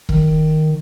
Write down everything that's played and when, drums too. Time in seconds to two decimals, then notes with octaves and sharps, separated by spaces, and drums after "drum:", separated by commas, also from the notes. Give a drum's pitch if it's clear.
0.09 D#3, drum: kick E1